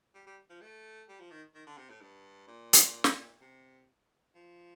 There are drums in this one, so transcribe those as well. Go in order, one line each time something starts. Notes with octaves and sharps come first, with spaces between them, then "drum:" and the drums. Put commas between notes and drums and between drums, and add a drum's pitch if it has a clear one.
G3
G3
F3
A3
G3
F3
D#3
D#3
D3
C3
A2
G2
A#2
drum: hi-hat
drum: snare
C3
F3